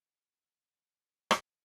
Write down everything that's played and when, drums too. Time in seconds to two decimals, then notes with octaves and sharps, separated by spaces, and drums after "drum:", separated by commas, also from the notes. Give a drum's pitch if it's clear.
0.73 E4 A4 E5 G5
1.31 drum: rim click